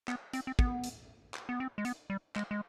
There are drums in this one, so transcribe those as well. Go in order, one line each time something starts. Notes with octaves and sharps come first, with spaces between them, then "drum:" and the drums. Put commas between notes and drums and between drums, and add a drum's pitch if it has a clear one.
B3, drum: clap
C4, drum: hi-hat
C4
B3, drum: kick
drum: hi-hat
drum: clap
B3
C4
G#3
B3, drum: hi-hat
G3
G#3, drum: clap
G#3